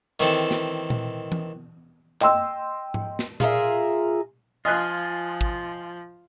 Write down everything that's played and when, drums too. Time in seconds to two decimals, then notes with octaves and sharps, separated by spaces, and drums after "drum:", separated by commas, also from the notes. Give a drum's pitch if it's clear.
0.20 D#3 E3 C4 A4, drum: hi-hat
0.51 drum: snare
0.90 drum: tom A#2
1.32 drum: tom E3
2.21 D#5 G5 C6 E6, drum: clap
2.94 drum: tom G#2
3.19 drum: snare
3.40 F4 G#4 A#4 E5, drum: tom A#2
4.65 F3 F4 D#5 G#5 F#6
5.41 drum: kick